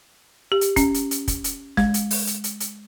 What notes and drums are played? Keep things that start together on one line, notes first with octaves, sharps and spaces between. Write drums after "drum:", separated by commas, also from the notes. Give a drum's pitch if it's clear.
G4
drum: hi-hat
C#4, drum: kick, hi-hat
drum: hi-hat
drum: hi-hat
drum: kick, hi-hat
drum: hi-hat
G#3, drum: snare
drum: hi-hat
drum: open hi-hat
drum: hi-hat
drum: hi-hat
drum: hi-hat